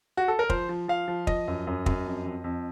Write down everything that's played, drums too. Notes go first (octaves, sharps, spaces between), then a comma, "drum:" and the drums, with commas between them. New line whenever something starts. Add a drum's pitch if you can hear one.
F#4
A4
A#4
F3 C5, drum: kick
F3
F3 F5
F3
F3 D#5, drum: kick
F#2
F#2
F#2, drum: kick
F2
F2
F2